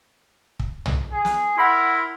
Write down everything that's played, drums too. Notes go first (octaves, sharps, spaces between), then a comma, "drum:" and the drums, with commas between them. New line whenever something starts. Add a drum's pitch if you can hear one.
drum: kick
drum: tom
G#4
drum: snare
E4 A#4 F#5 B5 C6